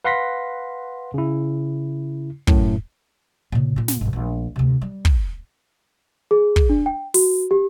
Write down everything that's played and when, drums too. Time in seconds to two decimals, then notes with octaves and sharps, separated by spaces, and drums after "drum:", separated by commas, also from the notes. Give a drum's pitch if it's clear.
0.05 B4 F5 F#5 C6 A#6 B6
1.14 C#3 E4
2.47 F#2 A2, drum: kick
3.52 A#2 C#3
3.76 A#2 F4
3.88 drum: snare
4.01 G#1 C3
4.13 A#1 A3
4.56 D2 C3
4.82 G3
5.05 drum: kick
6.31 G#4
6.56 drum: kick
6.69 D4
6.86 G5
7.14 F#4, drum: open hi-hat
7.51 G4